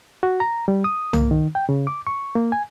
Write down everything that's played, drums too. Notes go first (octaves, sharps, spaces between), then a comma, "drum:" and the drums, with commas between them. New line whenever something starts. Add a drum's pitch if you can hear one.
F#4
A#5
G3
D#6
A#3, drum: tom C2
D#3
G5
C#3
D6
C#6
A#3
G#5